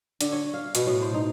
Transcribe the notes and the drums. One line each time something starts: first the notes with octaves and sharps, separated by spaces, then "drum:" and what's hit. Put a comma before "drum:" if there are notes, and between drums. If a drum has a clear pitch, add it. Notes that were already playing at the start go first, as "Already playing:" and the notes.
D3, drum: hi-hat
C#5
F5
B2, drum: hi-hat
A2
C5
D#4